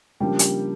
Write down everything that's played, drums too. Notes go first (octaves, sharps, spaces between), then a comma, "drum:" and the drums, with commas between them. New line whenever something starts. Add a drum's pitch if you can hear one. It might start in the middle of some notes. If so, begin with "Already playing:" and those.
C#3 F3 G3 A#3 D4 G4
drum: hi-hat